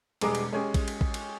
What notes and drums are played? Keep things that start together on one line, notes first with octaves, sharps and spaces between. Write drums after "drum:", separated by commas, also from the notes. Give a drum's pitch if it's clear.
E1 G3 G#3 G#4 A#5 D6, drum: cymbal
drum: cymbal
G#3 C#4 G4 G#4
drum: kick A1, cymbal
drum: cymbal
drum: kick A1
drum: cymbal